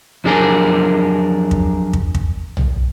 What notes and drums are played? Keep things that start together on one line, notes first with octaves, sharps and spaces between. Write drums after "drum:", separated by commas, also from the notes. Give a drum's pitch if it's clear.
F2 F#3 D4 G#4 A#4
drum: kick
drum: kick
drum: kick
drum: tom B1